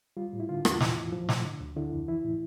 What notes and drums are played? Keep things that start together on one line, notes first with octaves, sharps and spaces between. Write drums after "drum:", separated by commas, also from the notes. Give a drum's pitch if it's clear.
G3 F4
A2
E4
D3 F4
E2, drum: rim click
E3, drum: snare
A2
F3
A2, drum: snare
D3
D2
D3 E4
F2
E3 E4
A2